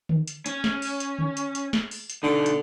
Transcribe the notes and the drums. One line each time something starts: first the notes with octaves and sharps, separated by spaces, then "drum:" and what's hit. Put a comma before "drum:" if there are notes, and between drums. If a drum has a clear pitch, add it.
drum: tom D3
drum: hi-hat
C#4, drum: hi-hat
drum: snare
drum: open hi-hat
drum: hi-hat
drum: tom D3
drum: hi-hat
drum: hi-hat
drum: snare
drum: open hi-hat
drum: hi-hat
B2 D3 D#4
drum: hi-hat